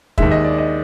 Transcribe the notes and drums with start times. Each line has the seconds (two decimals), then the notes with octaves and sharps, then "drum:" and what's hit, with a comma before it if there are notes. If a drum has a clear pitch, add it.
0.18 D#2 D#3 G#3 E5, drum: kick
0.32 D#5
0.44 D5
0.58 D#5